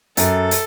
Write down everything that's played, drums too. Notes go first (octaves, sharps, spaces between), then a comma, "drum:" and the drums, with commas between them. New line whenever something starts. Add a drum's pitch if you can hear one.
F#2 A4, drum: hi-hat
drum: hi-hat